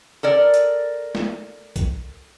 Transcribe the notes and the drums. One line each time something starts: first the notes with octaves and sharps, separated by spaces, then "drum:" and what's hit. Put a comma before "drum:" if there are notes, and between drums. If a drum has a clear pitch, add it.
A4 A#4 D5
drum: hi-hat
drum: snare
drum: kick B1, hi-hat